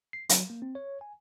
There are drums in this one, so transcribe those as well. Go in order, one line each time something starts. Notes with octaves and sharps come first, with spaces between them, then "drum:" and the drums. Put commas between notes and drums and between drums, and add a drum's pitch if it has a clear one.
C7
F#3, drum: hi-hat
A#3
C4
C#5
G#5